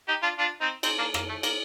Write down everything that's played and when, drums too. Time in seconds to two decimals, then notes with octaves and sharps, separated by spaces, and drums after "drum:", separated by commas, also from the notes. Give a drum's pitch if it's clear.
0.08 D#4 G4
0.23 D4 F4
0.38 D4 F4
0.61 C4 D#4
0.83 C4 D#4, drum: cymbal
0.98 A#3 D4
1.14 A#3, drum: rim click
1.29 A3
1.43 A#3, drum: cymbal